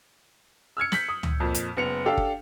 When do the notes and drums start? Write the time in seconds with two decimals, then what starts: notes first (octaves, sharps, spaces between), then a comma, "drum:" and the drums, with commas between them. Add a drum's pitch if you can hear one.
0.77 E6 F6 G#6 C#7
0.92 G6 B6 F#7, drum: snare
1.09 D#6
1.23 drum: tom C#2
1.40 F2 A#2
1.55 drum: hi-hat
1.77 F#1 B3 C#7 F7
2.06 D4 G4 A4 F5 G5
2.17 drum: kick